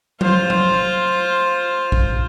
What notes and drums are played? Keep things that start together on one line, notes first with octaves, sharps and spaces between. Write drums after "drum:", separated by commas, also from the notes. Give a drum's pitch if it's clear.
F4 C5, drum: tom F#3
drum: tom F#3
drum: kick A#1